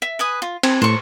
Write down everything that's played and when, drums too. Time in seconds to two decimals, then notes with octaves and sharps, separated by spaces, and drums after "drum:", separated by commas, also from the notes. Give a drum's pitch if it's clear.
0.02 E5
0.19 B4 G#5 D#6
0.42 F4
0.63 C4 G#5, drum: cymbal
0.82 A2 C5 C#6